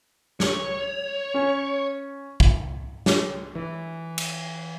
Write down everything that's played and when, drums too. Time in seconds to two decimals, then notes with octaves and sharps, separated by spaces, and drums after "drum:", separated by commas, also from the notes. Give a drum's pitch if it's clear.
0.40 C#5, drum: snare
1.34 C#4
2.40 drum: kick
3.06 drum: snare
3.56 E3
4.18 drum: cymbal